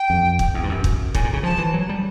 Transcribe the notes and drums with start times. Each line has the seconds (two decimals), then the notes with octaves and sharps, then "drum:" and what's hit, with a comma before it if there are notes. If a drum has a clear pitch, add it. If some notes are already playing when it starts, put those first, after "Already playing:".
Already playing: G5
0.10 F2
0.39 drum: kick
0.54 E2
0.63 G2
0.69 F#2
0.84 drum: kick
1.14 A2 G#5, drum: kick
1.24 A#2
1.33 C#3
1.43 F3 A5
1.58 E3
1.74 F#3
1.89 G3